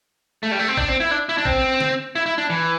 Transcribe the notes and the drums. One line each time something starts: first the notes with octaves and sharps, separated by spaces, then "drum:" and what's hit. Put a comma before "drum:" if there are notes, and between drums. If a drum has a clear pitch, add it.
A3
G3
A3
C4
D4, drum: kick G#1
C4
E4
D4
E4
D4
C4, drum: kick G#1
drum: snare
E4
E4
D4
E3